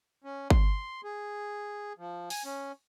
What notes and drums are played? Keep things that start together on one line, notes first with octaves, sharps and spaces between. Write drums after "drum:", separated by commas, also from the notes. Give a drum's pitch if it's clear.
C#4
C6, drum: kick G1
G#4
F3
G#5, drum: open hi-hat
C#4